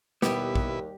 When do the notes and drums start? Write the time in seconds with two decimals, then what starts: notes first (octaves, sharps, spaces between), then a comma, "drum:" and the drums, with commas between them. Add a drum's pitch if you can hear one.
0.22 D#2 B2 G3 B3 E4 G4 B4, drum: snare
0.56 drum: kick